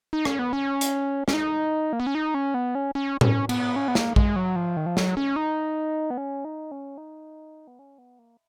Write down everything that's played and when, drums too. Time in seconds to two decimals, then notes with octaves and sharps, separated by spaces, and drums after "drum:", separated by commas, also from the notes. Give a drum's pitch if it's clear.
0.13 D#4
0.25 C#4, drum: rim click
0.39 B3
0.53 C#4
0.81 drum: hi-hat
1.28 C#4, drum: snare
1.34 D#4
1.93 A#3
2.00 B3
2.07 C#4
2.15 D#4
2.34 C#4
2.54 B3
2.75 C#4
2.95 C#4
3.21 C#4, drum: tom A2
3.49 B3, drum: cymbal
3.76 C#4
3.88 B3
3.95 A#3, drum: snare
4.16 G#3, drum: kick A#1
4.36 F#3
4.56 F3
4.77 D#3
4.86 F3
4.97 F#3, drum: snare
5.17 C#4
5.36 D#4
6.10 B3
6.17 C#4
6.45 D#4
6.71 C#4
6.97 D#4
7.67 B3
7.79 C#4
7.98 B3
8.19 A#3